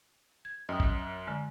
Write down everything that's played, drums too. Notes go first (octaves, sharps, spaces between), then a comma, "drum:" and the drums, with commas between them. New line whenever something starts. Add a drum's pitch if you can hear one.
G#6
F#2 D#5 G5 D#6
drum: kick A1
D3 G#3